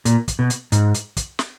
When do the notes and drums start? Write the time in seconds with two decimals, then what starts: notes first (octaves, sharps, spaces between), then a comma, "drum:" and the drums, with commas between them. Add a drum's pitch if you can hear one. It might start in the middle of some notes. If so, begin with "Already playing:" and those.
0.05 A#2, drum: hi-hat
0.28 drum: kick, hi-hat
0.39 B2
0.50 drum: hi-hat
0.72 G#2, drum: hi-hat
0.94 drum: hi-hat
1.17 drum: kick, hi-hat
1.39 drum: snare